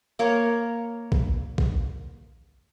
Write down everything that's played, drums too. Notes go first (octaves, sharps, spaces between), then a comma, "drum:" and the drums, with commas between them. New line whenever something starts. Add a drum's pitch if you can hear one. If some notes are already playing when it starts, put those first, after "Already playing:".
A#3 A#4 C#5
drum: kick A#1
drum: kick A#1